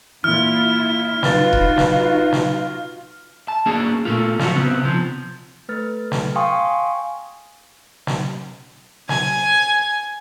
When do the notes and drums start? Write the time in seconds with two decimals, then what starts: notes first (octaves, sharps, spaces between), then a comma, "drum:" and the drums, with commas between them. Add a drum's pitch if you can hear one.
0.24 A#2 E3 E4 F4 F6
1.23 D#4 F4 F#4 B4 B5 A6, drum: snare
1.53 drum: kick E1
1.78 drum: snare
2.32 drum: snare
3.48 A5
3.66 A#3 C#4 D4 G#4
4.05 A#2 A3 F4
4.39 F3 C#4 F4 F#4, drum: snare
4.55 C#2 C#3 B3 C4
4.84 C3 F3
5.69 A3 B4 F6 A6
6.12 drum: snare
6.36 F5 G5 G#5 C6 C#6 D#6
8.07 drum: snare
9.09 G#5, drum: snare